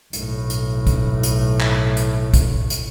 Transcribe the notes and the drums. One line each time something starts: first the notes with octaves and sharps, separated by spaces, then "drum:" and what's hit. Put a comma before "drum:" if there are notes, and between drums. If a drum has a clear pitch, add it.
B1 A2, drum: hi-hat
drum: hi-hat
drum: kick, hi-hat
drum: hi-hat
drum: clap
drum: hi-hat
drum: kick, hi-hat
drum: hi-hat